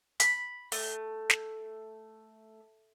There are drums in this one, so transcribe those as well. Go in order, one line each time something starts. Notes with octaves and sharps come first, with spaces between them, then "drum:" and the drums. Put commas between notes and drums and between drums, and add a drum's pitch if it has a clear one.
B5, drum: hi-hat
A3, drum: open hi-hat
drum: snare